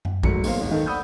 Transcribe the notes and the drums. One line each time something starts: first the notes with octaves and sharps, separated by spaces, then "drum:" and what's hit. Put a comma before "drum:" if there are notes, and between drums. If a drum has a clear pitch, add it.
drum: tom F#2
G#1 F#3 A3 C#7, drum: kick
B1 A#3 C5 F5, drum: open hi-hat
D#1 G#1
D#3 D#4 A4
D5 F#5 B5 D#6 E6 G6